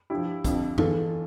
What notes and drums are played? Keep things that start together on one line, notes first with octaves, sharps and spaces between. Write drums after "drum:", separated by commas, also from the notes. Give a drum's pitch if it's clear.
G2 F3 E4 G4
F2 D3 F3, drum: kick, hi-hat
E2 E3 F4 A4, drum: tom F#2